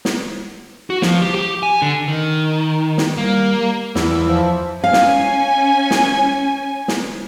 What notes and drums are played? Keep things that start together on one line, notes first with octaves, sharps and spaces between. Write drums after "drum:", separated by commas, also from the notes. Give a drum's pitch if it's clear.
drum: snare
F#4
F3, drum: snare
G4
G4
G#5
D3
D#3
drum: snare
G3 A#3
E2, drum: snare
F3
C#4 F5 G#5
drum: snare
drum: snare
drum: snare